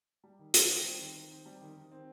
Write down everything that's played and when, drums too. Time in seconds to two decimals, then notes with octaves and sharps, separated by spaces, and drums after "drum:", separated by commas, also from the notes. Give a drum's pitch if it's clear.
0.24 G3
0.39 D#3
0.54 D#3, drum: hi-hat
0.70 C4
0.85 G3
1.00 D#3
1.15 D#3
1.31 C4
1.46 G3
1.61 D#3
1.76 D#3
1.92 C4